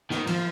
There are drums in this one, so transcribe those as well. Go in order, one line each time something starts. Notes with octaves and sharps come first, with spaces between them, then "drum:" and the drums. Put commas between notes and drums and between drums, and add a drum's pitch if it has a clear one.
D#3, drum: snare
F3, drum: cymbal